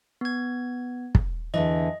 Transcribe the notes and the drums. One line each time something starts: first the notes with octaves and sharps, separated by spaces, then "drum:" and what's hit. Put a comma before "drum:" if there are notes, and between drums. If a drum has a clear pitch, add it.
B3 G#6
drum: kick
E2 D3 E3 D#5